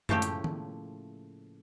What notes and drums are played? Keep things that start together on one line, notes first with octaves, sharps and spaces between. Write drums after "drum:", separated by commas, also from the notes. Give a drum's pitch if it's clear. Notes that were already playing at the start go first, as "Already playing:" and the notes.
A2 C#3 F3 A3 A#3 G4, drum: tom F#2
drum: hi-hat
drum: tom D#3